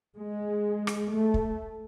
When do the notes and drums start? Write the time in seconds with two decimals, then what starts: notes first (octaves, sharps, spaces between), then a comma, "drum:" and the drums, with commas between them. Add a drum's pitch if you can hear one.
0.17 G#3
0.87 drum: rim click
1.10 A3
1.34 drum: kick